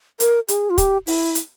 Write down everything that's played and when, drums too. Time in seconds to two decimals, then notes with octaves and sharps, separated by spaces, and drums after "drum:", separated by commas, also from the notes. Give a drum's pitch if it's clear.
0.20 A#4, drum: hi-hat
0.48 G#4, drum: hi-hat
0.70 F4
0.78 G4, drum: kick, hi-hat
1.07 E4, drum: open hi-hat
1.35 drum: hi-hat